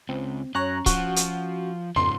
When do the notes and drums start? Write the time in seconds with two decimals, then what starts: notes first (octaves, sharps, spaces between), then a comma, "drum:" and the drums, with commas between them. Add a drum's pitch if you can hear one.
0.09 C#2 C4
0.55 F#2 C#4 C#5 A#5 F#6
0.86 F3 F#4, drum: kick C#1, hi-hat
1.16 drum: hi-hat
1.96 F2 G#2 C#3 C6